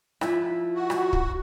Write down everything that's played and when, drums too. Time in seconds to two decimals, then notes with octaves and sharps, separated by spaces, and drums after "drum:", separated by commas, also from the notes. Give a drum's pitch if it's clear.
0.21 F3 E4 E5, drum: rim click
0.75 F#4
0.90 drum: rim click
1.13 drum: kick